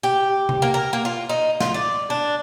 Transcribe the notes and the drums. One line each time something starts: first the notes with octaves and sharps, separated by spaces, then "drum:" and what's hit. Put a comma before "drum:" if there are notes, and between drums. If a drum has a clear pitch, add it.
G4
drum: tom C3
A#3
A#4
A#3
F4
D#4
F4, drum: snare
D5
D4